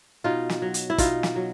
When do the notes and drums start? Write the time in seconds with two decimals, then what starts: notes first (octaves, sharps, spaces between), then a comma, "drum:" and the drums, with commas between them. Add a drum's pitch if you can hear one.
0.24 B2 D#4 F4
0.50 drum: snare
0.62 F#3
0.74 drum: hi-hat
0.90 E4
0.98 B2 D#4 F4, drum: kick, hi-hat
1.23 drum: snare
1.36 F#3